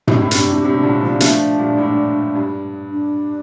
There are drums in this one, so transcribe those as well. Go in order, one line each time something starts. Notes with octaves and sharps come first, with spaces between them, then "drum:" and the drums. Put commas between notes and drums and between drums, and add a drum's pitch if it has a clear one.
A2 C3 D4, drum: tom
A2 C4
D4, drum: hi-hat
A2 C3
A2 C3
A2 C3
C3
A#2 D3
D3 F3
C4
F3 A3 D4, drum: hi-hat
G2 A#2
A2
G2
D4